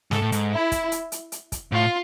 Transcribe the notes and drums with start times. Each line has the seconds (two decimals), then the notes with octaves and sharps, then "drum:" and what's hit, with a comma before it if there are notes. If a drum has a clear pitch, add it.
0.11 G#2 A4, drum: snare
0.22 A2
0.32 G#2, drum: hi-hat
0.52 E4
0.72 drum: kick, hi-hat
0.92 drum: hi-hat
1.12 drum: hi-hat
1.32 drum: hi-hat
1.52 drum: kick, hi-hat
1.72 A2 F4